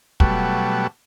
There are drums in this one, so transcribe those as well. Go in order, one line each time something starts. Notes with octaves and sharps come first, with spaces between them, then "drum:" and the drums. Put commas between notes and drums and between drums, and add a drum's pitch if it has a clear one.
B2 F#3 G3 A3, drum: kick